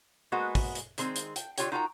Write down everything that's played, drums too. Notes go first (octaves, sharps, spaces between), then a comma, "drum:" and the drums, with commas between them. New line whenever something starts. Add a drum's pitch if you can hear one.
G#3 A#3 B3 F#4 D#5
drum: kick, open hi-hat
drum: hi-hat
D#3 G#3 C4, drum: hi-hat
drum: hi-hat
G5, drum: hi-hat
D3 F4 G4 C#5 G5, drum: hi-hat
D#4 F4 F#4 A#4 G5 A#5